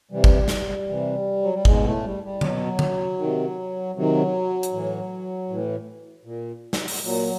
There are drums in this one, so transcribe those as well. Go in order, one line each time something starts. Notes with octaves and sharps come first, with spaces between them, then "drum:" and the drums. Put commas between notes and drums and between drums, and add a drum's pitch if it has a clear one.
C3 E3 G3
drum: kick
drum: snare
C3 E3
F#3
G3
G#2 B2 G#3, drum: kick
A2 A3
G3
G3
B2 F#3, drum: tom D3
drum: tom D3
C3 D#3
C3 D#3 F#3
drum: hi-hat
A2 E3
A2 E3
A#2
drum: snare
drum: open hi-hat
A#2 F#3